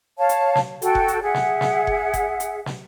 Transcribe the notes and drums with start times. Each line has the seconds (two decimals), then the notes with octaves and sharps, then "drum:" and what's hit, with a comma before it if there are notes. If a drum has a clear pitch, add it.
0.18 C#5 F5 A5
0.29 drum: hi-hat
0.55 drum: snare
0.82 F#4 A4 G5, drum: hi-hat
0.95 drum: kick F#1
1.08 drum: hi-hat
1.22 G#4 E5 F#5
1.34 drum: snare
1.61 drum: snare
1.87 drum: kick F#1
2.14 drum: kick F#1, hi-hat
2.40 drum: hi-hat
2.66 drum: snare